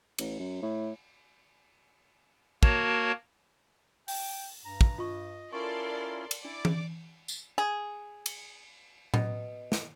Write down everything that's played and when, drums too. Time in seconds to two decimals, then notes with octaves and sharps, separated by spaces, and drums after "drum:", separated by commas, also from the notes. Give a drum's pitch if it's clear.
0.18 A1, drum: cymbal
0.39 F#2
0.62 A2
2.63 A#3 F#4 A#4 C#5 A5, drum: kick
4.08 G5, drum: open hi-hat
4.65 G2 A#5
4.81 drum: kick
4.98 F4 D#5 C#6
5.53 C#4 E4 F4 A4 A#4 D5 C6 C#6
6.31 drum: cymbal
6.45 D4 E4 D5 D6
6.65 drum: tom E3
7.28 drum: tambourine
7.58 G#4
8.26 drum: cymbal
9.14 B2, drum: tom A2
9.72 drum: snare